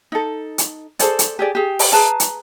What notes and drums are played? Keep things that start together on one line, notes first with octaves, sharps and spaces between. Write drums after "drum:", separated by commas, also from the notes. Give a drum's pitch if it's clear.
D#4 A4
drum: hi-hat
G#4 A4 C5 D5, drum: hi-hat
drum: hi-hat
G4 G#4 D5
G4 G#4
drum: open hi-hat
G#4 B4 A5 A#5
drum: hi-hat